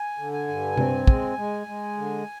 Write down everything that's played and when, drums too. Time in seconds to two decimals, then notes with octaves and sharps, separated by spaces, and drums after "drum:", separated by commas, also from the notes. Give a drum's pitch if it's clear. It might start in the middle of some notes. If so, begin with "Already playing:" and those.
Already playing: G#5
0.18 D3
0.33 G#5
0.48 G2
0.77 C4, drum: tom C3
1.07 G#3, drum: kick
1.37 G#3
1.67 G#3
1.97 D3